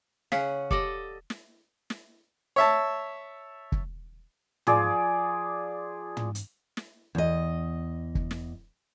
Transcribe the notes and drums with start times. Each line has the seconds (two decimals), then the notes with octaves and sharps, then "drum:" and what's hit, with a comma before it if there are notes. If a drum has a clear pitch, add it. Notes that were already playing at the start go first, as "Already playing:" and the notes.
0.32 C#3 C#4 F5 F#5 B6 C7, drum: snare
0.71 G4 A4 D5 D#5 D6, drum: kick
1.30 drum: snare
1.90 drum: snare
2.56 C#5 E5 A5
3.72 drum: kick
4.67 F3 G#4 D5, drum: tom
6.17 drum: tom
6.35 drum: hi-hat
6.77 drum: snare
7.15 E2 D#5
8.15 drum: kick
8.31 drum: snare